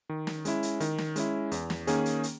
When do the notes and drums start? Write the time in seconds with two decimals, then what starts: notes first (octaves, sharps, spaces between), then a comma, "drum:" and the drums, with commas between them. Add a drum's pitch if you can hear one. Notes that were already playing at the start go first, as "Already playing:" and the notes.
0.09 D#3
0.27 drum: snare
0.45 G#3 C#4 E4, drum: hi-hat
0.63 drum: hi-hat
0.80 D#3, drum: hi-hat
0.98 drum: snare
1.16 G#3 C#4 E4, drum: hi-hat
1.52 E2, drum: hi-hat
1.70 drum: snare
1.87 D#3 A#3 C#4 G#4, drum: hi-hat
2.06 drum: hi-hat
2.23 drum: hi-hat